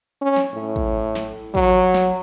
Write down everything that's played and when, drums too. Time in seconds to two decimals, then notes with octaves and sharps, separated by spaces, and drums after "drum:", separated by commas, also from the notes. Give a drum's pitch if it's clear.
0.21 C#4
0.36 drum: snare
0.54 A2
0.76 drum: kick
1.15 drum: snare
1.55 F#3, drum: kick
1.94 drum: snare